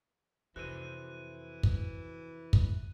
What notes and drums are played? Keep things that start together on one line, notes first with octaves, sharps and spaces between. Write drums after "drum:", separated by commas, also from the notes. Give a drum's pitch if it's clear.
F2 C3 E3 F#4 A4 C5 F#6 D#7
drum: kick
drum: kick